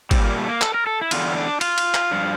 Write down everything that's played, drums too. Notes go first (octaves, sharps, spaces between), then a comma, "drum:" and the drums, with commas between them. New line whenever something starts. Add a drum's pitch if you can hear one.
A#2 G3 C4, drum: kick G#1, cymbal
A#3
A3
A#3
A4, drum: clap
A#4
A4
E4
E2 D3 G3 F4, drum: cymbal
D4
F4, drum: cymbal
drum: cymbal
drum: clap
G2 F3